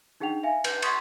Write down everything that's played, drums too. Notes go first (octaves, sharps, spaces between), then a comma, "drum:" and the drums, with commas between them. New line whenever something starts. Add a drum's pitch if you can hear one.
D4 D#4 G#4 F#5 G5 F7
E5 F5 G#5
B4 G6, drum: cymbal
C6 C#6 D#6 G#6 A6 B6, drum: cymbal